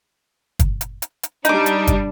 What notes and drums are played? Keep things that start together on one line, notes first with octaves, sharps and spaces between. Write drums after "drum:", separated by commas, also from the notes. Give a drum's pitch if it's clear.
drum: kick, hi-hat
drum: hi-hat
drum: hi-hat
drum: hi-hat
G3 D4 D#4 D6, drum: hi-hat
drum: hi-hat
drum: kick, hi-hat